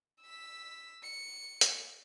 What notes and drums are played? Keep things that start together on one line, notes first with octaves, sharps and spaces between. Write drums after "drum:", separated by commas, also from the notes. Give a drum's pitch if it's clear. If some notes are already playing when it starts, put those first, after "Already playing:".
E6 B6
C#7
drum: hi-hat